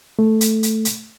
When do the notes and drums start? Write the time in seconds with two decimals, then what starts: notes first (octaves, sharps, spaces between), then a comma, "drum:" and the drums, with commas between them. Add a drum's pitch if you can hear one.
0.19 A3
0.41 drum: hi-hat
0.63 drum: hi-hat
0.85 drum: hi-hat